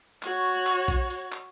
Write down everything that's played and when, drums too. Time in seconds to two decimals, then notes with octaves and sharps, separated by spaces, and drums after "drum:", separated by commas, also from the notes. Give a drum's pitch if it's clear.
0.22 F#4 C#5, drum: clap
0.44 drum: hi-hat
0.66 drum: clap
0.88 drum: kick A#1, hi-hat
1.10 drum: open hi-hat
1.32 drum: clap